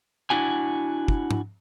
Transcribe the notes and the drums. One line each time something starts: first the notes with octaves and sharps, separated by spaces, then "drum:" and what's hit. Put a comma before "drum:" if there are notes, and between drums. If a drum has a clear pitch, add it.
D4 E4 F#4 G#5
drum: kick
drum: tom